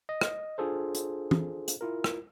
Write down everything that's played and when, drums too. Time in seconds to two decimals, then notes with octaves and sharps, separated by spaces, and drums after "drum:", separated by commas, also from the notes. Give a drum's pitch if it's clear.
0.09 D#5
0.21 drum: rim click
0.58 D4 F4 G#4 A4 C5
0.95 drum: hi-hat
1.31 drum: tom
1.68 drum: hi-hat
1.81 E4 F4 A#4
2.04 drum: rim click